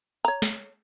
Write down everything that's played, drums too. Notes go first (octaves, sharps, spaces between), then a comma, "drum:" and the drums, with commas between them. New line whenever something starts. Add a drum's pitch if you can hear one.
C#5 A#5, drum: hi-hat
drum: snare